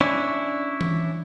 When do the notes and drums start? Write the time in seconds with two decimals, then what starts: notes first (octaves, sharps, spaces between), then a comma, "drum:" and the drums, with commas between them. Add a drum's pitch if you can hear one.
0.01 C#4 D4 E4 C#5
0.81 drum: tom E3